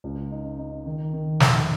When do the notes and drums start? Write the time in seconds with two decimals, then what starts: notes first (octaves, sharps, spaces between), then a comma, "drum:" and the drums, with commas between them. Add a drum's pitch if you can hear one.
0.04 C#2
0.31 D#4
0.58 D#4
0.86 D#3
1.13 D#3
1.40 F1, drum: snare